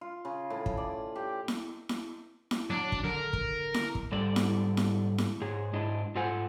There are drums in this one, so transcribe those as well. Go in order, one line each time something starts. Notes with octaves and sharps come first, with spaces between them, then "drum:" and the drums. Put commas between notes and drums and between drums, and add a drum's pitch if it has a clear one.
F4
C#3
A2
drum: kick
D5
G4
drum: snare E4
drum: snare E4
drum: snare E4
F#3 D4
drum: kick
D3 A#4
drum: kick
drum: snare E4
drum: kick
G#2 D3 G3 A4 D5
drum: snare E4
drum: snare E4
drum: snare E4
G#2 G#4 C#5
G#2 D4 E4 D#5
G#2 F4 A4 C5 F#5 G#5